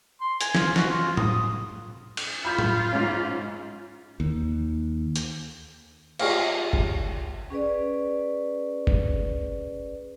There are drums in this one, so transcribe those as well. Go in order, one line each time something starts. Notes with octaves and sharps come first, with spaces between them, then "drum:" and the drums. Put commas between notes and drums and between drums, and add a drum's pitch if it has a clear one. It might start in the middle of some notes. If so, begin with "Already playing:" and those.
C6
G#5, drum: hi-hat
F4, drum: snare
F#4, drum: snare
F4
D#6, drum: tom A2
drum: cymbal
F4 B5 G6 B6
drum: tom A2
G#2 C#4
D#2
drum: hi-hat
F4 G4 G#4 C#5 D#5 F5, drum: cymbal
drum: kick G1
C#4 G#4 B4 D5
drum: kick G1